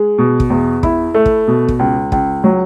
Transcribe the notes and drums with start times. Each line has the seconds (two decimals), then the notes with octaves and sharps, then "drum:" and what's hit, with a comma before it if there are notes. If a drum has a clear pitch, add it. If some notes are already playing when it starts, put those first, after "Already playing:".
Already playing: G#3
0.18 B2
0.40 drum: kick
0.50 E2
0.83 E4, drum: kick
1.14 A3
1.26 drum: kick
1.48 B2
1.68 drum: kick
1.79 C#2
2.12 C#2, drum: kick
2.44 F#3